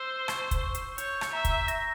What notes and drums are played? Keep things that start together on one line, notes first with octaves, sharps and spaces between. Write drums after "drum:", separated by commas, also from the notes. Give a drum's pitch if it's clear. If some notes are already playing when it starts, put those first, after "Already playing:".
Already playing: C5 E6
C#6, drum: rim click
drum: kick, hi-hat
C#6
drum: hi-hat
C#5 G6, drum: hi-hat
drum: rim click
E5 A#5
drum: kick, hi-hat
A#6, drum: hi-hat